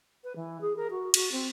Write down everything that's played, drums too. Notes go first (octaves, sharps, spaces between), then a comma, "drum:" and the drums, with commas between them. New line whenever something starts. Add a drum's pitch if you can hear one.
B4
E3
G#4
A#4
F#4
F#4, drum: cymbal
C4